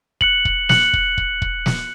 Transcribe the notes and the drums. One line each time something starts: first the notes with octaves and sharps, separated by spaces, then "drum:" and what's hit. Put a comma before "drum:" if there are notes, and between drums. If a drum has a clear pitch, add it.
F#6 C#7 F#7, drum: kick
drum: kick
F#6 C#7 F#7, drum: snare
drum: kick
drum: kick
drum: kick
drum: snare